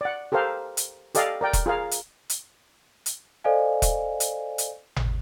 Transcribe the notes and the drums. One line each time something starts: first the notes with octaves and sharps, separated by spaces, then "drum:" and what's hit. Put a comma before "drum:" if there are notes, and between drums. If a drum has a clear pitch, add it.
D5 F#5
G4 A4 A#4 C5 F5
drum: hi-hat
G4 A4 D5 D#5 F5, drum: hi-hat
A#4 D5 G5
drum: kick E1, hi-hat
F4 G#4 A#4 F5
drum: hi-hat
drum: hi-hat
drum: hi-hat
A4 C5 D5 D#5 F5 G#5
drum: kick E1, hi-hat
drum: hi-hat
drum: hi-hat
drum: tom G#1